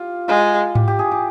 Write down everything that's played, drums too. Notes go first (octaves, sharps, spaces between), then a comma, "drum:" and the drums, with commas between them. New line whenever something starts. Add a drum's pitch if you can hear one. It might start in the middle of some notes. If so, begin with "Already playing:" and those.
Already playing: F4 G4
G#3 F4
G4, drum: tom G#2
G4
G#4
G4